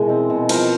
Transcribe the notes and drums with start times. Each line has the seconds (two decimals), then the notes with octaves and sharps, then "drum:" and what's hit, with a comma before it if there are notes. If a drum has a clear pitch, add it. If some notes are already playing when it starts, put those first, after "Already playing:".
Already playing: B2 E3 G#3 A#4
0.09 C4
0.30 B2
0.49 F3 A#4 C5, drum: cymbal